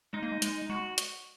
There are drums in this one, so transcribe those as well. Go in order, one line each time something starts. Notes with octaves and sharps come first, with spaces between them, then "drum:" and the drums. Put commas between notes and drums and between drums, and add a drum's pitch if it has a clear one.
G#3 D#4
A#3
G#3
G#3, drum: hi-hat
G#3 F#4
drum: hi-hat